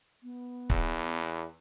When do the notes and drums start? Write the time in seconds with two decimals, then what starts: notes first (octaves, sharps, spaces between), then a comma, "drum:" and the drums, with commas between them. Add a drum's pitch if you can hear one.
0.23 B3
0.70 E2, drum: kick